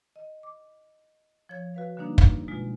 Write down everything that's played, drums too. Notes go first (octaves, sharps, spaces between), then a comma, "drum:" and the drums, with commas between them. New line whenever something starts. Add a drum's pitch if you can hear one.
D#5
D6
F3 C#5 G#6
F#4 B4 F5
D3 G3 A#3 D4 D#4
drum: kick
B2 G#3 F4